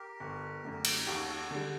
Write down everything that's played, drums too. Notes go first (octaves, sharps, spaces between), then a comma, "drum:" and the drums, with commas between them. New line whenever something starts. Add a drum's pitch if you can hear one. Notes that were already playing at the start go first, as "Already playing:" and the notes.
Already playing: G4 A#4
G1
F#2 D3 A3
drum: cymbal
D#2 F#4 A4
F#4 A4
D3 G3